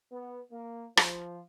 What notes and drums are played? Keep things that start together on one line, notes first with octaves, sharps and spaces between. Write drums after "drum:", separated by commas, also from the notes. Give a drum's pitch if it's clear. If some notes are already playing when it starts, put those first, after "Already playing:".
B3
A#3
F3, drum: rim click